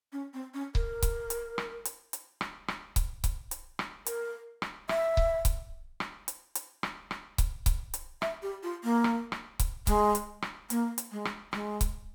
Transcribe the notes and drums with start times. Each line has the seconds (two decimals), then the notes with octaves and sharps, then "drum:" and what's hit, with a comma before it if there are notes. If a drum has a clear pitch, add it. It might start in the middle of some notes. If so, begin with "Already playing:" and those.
0.13 C#4
0.34 C4
0.54 C#4
0.75 A#4, drum: kick C#1
1.02 drum: kick C#1, hi-hat
1.30 drum: hi-hat
1.58 drum: rim click
1.85 drum: hi-hat
2.13 drum: hi-hat
2.41 drum: rim click
2.68 drum: rim click
2.96 drum: kick C#1, hi-hat
3.24 drum: kick C#1, hi-hat
3.51 drum: hi-hat
3.79 drum: rim click
4.06 A#4, drum: hi-hat
4.62 drum: rim click
4.89 E5, drum: rim click
5.17 drum: kick C#1
5.45 drum: kick C#1, hi-hat
6.00 drum: rim click
6.28 drum: hi-hat
6.55 drum: hi-hat
6.83 drum: rim click
7.11 drum: rim click
7.38 drum: kick C#1, hi-hat
7.66 drum: kick C#1, hi-hat
7.94 drum: hi-hat
8.22 E5, drum: rim click
8.42 G4
8.63 F4
8.84 A#3
9.04 drum: rim click
9.32 drum: rim click
9.59 drum: kick C#1, hi-hat
9.87 G#3, drum: kick C#1, hi-hat
10.15 drum: hi-hat
10.42 drum: rim click
10.70 A#3, drum: hi-hat
10.98 drum: hi-hat
11.12 G#3
11.25 drum: rim click
11.53 G#3, drum: rim click
11.81 drum: kick C#1, hi-hat